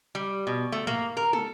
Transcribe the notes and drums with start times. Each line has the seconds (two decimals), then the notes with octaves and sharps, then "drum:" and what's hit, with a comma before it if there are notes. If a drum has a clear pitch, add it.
0.15 G3
0.47 B2
0.72 A3
0.87 A#3, drum: tom G#2
1.17 A#4
1.33 A4, drum: tom